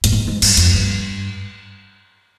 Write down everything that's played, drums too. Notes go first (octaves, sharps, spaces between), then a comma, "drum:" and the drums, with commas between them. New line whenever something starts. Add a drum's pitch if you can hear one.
G2, drum: hi-hat
G#2
G#2
G2, drum: cymbal
F2, drum: hi-hat
G2